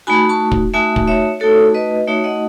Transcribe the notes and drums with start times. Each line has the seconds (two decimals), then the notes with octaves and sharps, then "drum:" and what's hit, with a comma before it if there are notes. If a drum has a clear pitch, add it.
0.07 A3 D#4 F#4 G#5 B5
0.29 A5 C#6
0.52 drum: kick
0.74 A3 D#4 F#4 E5 G#5
0.96 drum: kick
1.07 C#5 E5
1.40 A3 D#4 F#4 A4 C#5
1.74 B4 D#5
2.08 A3 D#4 F#4 C#5 E5
2.24 D#5 F#5